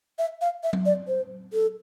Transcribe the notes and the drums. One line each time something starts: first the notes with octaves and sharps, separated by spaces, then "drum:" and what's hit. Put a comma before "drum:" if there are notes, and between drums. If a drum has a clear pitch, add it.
E5
F5
E5
drum: tom F#3
D5
C5
A4